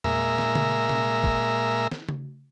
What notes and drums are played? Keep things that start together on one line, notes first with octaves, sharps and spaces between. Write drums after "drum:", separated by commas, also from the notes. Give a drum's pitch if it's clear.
A#2 G#3 A#4 E5, drum: tom E2
drum: snare
drum: tom C#3
drum: tom C3
drum: kick
drum: snare
drum: tom C#3